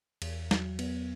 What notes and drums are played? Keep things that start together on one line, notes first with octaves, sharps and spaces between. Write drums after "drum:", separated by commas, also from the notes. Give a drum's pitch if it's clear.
E2, drum: cymbal
F#3, drum: snare
B3, drum: cymbal